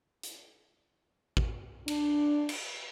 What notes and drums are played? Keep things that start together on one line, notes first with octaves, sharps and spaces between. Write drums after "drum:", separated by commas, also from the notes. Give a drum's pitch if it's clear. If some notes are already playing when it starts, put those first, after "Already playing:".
drum: hi-hat
drum: kick
D4, drum: cymbal
drum: cymbal